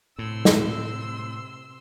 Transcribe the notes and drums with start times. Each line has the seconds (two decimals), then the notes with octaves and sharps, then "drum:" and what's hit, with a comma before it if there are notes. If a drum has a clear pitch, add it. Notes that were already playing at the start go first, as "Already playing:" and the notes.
0.19 A2 C3 C6 E6
0.45 drum: snare